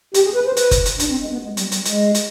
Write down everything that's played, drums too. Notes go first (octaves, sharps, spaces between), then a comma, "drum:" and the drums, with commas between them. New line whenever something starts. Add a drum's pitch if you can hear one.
G4, drum: hi-hat
G#4
B4
C5
B4, drum: hi-hat
drum: kick F#1, hi-hat
drum: hi-hat
D4, drum: hi-hat
C4
G#3
B3
G#3
G3, drum: hi-hat
G3, drum: hi-hat
G#3, drum: hi-hat
drum: hi-hat